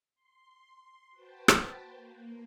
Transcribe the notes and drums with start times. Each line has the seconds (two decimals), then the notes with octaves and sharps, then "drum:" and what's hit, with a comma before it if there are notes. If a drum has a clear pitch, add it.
0.15 C6
1.11 F#4 B4 C5 G5 A5
1.48 drum: rim click
1.82 A#3